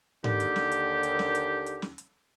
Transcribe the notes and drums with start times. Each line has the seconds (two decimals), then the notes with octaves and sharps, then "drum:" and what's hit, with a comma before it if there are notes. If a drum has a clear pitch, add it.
0.24 D#2 D3 G4, drum: tom G#2
0.40 drum: hi-hat
0.56 drum: snare
0.72 drum: hi-hat
1.03 drum: hi-hat
1.19 drum: snare
1.35 drum: hi-hat
1.66 drum: hi-hat
1.82 drum: snare
1.98 drum: hi-hat